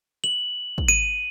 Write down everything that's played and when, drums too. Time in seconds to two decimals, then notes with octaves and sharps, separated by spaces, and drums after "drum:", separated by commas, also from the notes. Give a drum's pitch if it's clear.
0.24 F#7
0.78 drum: kick
0.88 D#7